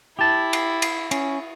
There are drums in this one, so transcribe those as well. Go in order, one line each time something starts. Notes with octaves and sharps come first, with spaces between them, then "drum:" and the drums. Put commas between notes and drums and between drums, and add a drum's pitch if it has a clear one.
E4 G4 A5
drum: cymbal
drum: cymbal
C#4, drum: cymbal